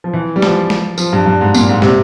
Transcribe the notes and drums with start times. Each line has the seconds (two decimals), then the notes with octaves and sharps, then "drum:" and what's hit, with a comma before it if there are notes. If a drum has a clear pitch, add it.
0.04 F3
0.13 E3
0.36 G3
0.42 F3, drum: snare
0.70 drum: snare
0.98 F3, drum: tambourine
1.13 G2
1.26 G2
1.41 G#2
1.54 A#2, drum: tambourine
1.69 G#2
1.82 C3, drum: snare